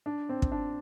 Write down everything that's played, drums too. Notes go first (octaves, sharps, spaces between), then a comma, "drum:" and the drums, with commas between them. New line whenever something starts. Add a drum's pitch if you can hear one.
D4
C4
drum: kick
D4